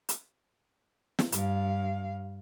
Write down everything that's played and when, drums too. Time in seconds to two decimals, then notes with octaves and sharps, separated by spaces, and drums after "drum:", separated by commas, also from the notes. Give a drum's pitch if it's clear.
0.09 drum: hi-hat
1.19 drum: snare
1.32 G2 F5, drum: hi-hat